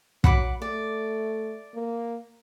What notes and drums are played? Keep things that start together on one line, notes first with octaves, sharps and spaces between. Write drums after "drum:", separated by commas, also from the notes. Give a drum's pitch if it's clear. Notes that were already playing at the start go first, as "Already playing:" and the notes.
F#3 F#5 B5 D6, drum: kick
A3 D5
A#3